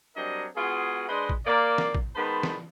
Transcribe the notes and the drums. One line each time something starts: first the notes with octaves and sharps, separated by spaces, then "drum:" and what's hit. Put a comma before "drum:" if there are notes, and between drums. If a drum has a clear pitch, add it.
F#3 G3 C4 D4 A#4 D#5
G#3 B3 F4 F#4 G#4
G#3 D4 B4 C5 D#5
drum: kick
A#3 D5
drum: snare
drum: kick
D#3 G#3 B3 C5 A5 B5
drum: snare